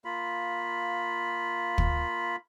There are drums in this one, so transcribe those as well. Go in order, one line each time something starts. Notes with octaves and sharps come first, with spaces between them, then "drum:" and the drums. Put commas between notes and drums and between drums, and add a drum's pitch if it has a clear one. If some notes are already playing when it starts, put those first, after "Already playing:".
A#3 F4 B5
drum: kick